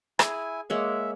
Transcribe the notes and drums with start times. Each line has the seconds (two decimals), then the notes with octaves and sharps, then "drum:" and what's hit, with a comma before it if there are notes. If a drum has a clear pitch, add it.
0.19 E4 G#4 G#5, drum: rim click
0.70 G#3 A#3 C#5 E5